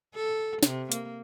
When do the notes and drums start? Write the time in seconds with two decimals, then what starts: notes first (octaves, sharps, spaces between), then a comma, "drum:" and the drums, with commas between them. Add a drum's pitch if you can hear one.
0.15 A4
0.63 C3, drum: snare
0.92 A#3, drum: hi-hat